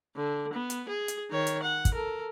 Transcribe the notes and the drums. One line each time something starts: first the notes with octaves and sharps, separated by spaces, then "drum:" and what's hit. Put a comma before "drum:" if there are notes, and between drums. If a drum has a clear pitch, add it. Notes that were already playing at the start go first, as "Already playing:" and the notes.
D3
B3
drum: hi-hat
G#4
drum: hi-hat
D#3 C#5
drum: hi-hat
F#5
drum: kick, hi-hat
A4 A#4